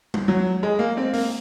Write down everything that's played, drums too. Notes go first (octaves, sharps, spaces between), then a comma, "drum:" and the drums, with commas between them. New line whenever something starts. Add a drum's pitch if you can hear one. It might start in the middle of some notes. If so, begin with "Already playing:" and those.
drum: tom G3
F#3
G#3
A#3
C4
A#3, drum: open hi-hat